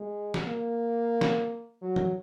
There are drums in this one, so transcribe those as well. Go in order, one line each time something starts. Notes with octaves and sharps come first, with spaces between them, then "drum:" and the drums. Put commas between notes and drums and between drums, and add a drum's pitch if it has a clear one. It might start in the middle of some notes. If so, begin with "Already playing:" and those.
Already playing: G#3
drum: snare
A#3
drum: snare
F#3
drum: tom E3